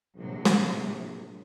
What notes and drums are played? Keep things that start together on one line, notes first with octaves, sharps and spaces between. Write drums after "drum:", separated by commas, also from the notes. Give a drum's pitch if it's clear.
A#1 A2 C3 F#3
drum: snare